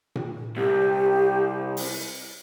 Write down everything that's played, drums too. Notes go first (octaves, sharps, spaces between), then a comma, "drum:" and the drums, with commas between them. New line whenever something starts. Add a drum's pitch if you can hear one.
drum: tom A#2
C2 G4
drum: open hi-hat